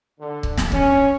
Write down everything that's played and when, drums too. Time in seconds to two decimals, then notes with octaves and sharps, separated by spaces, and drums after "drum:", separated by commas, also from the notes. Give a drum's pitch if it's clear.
0.20 D3
0.43 drum: kick C#1
0.58 drum: snare
0.72 C#4, drum: kick C#1